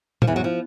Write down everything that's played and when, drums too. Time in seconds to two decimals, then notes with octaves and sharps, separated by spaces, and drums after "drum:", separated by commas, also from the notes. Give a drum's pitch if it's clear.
0.22 F3, drum: tom
0.27 E2 E3
0.36 F#3
0.44 F3